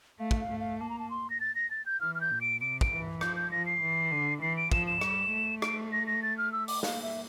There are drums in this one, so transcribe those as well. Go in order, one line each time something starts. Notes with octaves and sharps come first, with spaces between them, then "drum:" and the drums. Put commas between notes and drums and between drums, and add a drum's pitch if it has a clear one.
A3 F5
drum: kick
F5
A3
F5
A#3 A5
A#5
A5
C6
A#6
A6
A#6
A6
G6
E3 F6
F6
G6
A#2
D7
C3 D7
D7, drum: kick
E3
F3 G6, drum: rim click
G6
F3 A#6
C7
E3
D3
E3 C7
D7
F3 E7, drum: kick
E7
G3, drum: rim click
A3
D7, drum: rim click
A#6
A#6
A6
F6
E6
D6, drum: open hi-hat
A#3 F5, drum: snare
E5